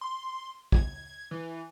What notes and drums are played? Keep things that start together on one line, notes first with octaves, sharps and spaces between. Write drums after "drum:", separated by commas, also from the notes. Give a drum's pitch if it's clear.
C6
G#6, drum: kick
E3